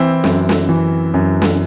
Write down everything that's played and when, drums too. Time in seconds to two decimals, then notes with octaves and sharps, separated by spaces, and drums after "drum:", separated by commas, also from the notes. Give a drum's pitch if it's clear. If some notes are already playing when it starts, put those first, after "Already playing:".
Already playing: E3 C4 E4
0.24 F#2, drum: snare
0.49 drum: snare
0.69 E3
1.14 F#2
1.42 drum: snare